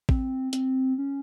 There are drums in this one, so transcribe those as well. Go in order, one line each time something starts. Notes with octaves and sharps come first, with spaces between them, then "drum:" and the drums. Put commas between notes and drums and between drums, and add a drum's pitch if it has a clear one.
C4, drum: kick
C4, drum: hi-hat
C#4